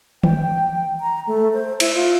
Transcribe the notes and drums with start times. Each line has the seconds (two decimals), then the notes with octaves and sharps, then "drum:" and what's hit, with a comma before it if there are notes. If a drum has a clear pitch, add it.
0.23 G5, drum: tom D#3
1.00 A#5
1.27 A3
1.53 C5
1.80 E4, drum: cymbal
1.94 F4